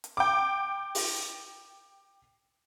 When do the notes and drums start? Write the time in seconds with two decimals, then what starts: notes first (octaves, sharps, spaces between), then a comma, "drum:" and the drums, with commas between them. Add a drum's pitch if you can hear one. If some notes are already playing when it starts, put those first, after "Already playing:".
0.04 drum: hi-hat
0.17 G5 D6
0.95 drum: open hi-hat